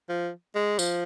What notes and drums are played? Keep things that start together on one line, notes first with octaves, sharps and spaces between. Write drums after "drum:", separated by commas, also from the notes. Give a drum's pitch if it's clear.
F3
G#3
F3, drum: tambourine